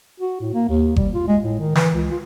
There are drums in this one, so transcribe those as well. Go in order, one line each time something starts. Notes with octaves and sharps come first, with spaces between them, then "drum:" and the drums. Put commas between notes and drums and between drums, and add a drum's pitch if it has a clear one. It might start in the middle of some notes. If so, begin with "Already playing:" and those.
F#4
A2
A#3
D#2
G3, drum: kick G1
F4
G#3
A2
D#3
E3, drum: snare
C#2
F4